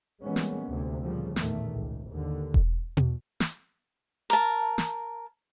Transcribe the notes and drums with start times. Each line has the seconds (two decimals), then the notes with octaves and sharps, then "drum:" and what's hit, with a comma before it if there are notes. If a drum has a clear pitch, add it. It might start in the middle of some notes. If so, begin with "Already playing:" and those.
0.24 E3 G3 G#3 A#3 B3 C#4
0.36 drum: snare
0.68 D2 C3
1.02 A#2 C#3 F3 G3
1.36 A1 E2 A#2 D#3 A3, drum: snare
1.73 G#1 C#2
2.10 D#2 D3
2.54 drum: kick E1
2.97 drum: tom B2
3.40 drum: snare
4.30 A#4 A5
4.78 drum: snare